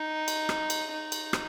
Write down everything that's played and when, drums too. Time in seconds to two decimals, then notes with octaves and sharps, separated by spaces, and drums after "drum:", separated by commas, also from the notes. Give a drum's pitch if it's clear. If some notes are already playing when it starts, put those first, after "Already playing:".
Already playing: D#4
0.28 drum: cymbal
0.49 drum: rim click
0.70 drum: cymbal
0.91 D#4
1.12 drum: cymbal
1.33 drum: rim click